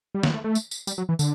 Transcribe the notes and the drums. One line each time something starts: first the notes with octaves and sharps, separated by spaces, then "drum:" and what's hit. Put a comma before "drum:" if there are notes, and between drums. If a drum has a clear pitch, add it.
G3
F#3, drum: snare
A3
A3
drum: tambourine
drum: tambourine
G3, drum: tambourine
F#3
E3
D3, drum: tambourine